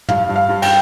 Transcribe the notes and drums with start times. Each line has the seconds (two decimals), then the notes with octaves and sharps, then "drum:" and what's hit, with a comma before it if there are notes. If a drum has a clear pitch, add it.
0.09 G2 F5, drum: tom
0.29 G2
0.36 F5
0.49 G2
0.62 G5, drum: cymbal